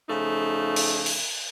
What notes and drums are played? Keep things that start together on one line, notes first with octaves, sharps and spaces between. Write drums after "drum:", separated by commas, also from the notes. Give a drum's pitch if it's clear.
C#3 F3 A3 D#4
drum: open hi-hat
drum: open hi-hat